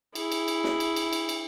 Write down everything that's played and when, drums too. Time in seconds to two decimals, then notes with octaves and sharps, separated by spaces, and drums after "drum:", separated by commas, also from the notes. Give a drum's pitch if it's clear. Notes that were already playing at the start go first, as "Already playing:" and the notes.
0.15 E4 G#4, drum: cymbal
0.32 drum: cymbal
0.48 drum: cymbal
0.64 drum: snare
0.80 drum: cymbal
0.96 drum: cymbal
1.13 drum: cymbal
1.29 drum: cymbal